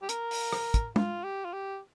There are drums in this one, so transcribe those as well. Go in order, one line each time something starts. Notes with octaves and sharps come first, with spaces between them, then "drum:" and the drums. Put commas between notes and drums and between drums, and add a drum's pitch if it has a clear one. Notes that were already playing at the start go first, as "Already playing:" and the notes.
G4
A#4, drum: hi-hat
drum: open hi-hat
drum: rim click
drum: kick, hi-hat
F4, drum: tom
G4
F4
G4